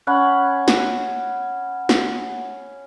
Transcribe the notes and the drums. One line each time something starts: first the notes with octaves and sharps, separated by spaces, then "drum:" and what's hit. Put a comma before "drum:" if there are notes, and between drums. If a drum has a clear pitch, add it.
C#4 F#5 B5
drum: snare
drum: snare